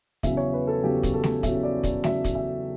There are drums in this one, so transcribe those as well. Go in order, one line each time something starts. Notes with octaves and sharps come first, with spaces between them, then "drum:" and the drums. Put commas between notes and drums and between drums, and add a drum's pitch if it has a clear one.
E2 C#3 F#3 E5, drum: kick, hi-hat
C#5
B4
A4
E2 C#3 F#3 G4
drum: kick, hi-hat
A4
drum: snare A3
E2 C#3 F#3 E5, drum: kick, hi-hat
D5
D5, drum: kick, hi-hat
E2 C#3 F#3 E5, drum: snare A3
drum: kick, hi-hat
E5